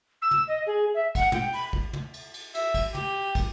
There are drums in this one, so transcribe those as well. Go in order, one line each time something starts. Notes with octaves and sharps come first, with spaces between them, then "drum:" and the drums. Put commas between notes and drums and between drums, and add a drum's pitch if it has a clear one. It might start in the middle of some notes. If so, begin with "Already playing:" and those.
E6
drum: tom
D#5
G#4
E5
F#5, drum: kick, cymbal
G5, drum: tom
B5, drum: cymbal
drum: kick
drum: tom
drum: cymbal
drum: cymbal
E5, drum: cymbal
drum: kick, cymbal
G4, drum: tom
drum: kick, cymbal